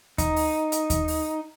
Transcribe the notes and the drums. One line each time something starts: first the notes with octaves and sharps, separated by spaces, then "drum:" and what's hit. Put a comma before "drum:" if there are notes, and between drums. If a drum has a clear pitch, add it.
D#4, drum: kick D#2, hi-hat
drum: open hi-hat
drum: hi-hat
drum: kick D#2, hi-hat
drum: open hi-hat